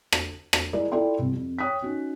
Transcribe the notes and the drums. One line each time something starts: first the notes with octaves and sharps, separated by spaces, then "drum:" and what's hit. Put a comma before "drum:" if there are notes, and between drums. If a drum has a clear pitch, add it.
drum: rim click
drum: rim click
G#3 E4 G#4 A#4 D5
E4 F4 A4 D5 G5 C6
C2
F2
C#5 G5 D#6 F#6 B6
C#4 D#4 F#4